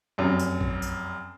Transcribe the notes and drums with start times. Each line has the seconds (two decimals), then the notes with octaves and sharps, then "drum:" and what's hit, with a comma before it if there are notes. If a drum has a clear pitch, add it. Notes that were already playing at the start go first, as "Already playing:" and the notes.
0.18 F1 F#2
0.39 drum: tambourine
0.61 drum: kick
0.82 drum: tambourine